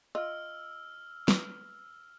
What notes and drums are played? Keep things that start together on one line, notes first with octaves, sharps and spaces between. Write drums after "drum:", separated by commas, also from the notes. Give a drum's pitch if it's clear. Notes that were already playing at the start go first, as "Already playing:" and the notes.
F4 D#5 E6 F6
B4, drum: snare